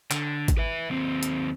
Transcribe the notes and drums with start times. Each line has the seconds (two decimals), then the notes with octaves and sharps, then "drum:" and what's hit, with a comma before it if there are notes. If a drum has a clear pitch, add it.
0.11 D3, drum: clap
0.48 drum: kick G#1, hi-hat
0.58 B4 E5
0.90 D#2 C4
1.23 drum: hi-hat